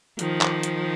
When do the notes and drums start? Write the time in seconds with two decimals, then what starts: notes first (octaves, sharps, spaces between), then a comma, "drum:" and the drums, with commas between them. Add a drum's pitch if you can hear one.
0.19 D#3 F3, drum: hi-hat
0.41 drum: clap
0.63 drum: hi-hat